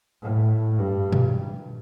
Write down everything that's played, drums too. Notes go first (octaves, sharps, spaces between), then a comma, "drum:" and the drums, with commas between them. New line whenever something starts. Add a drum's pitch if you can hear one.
A2
G2
drum: tom A#2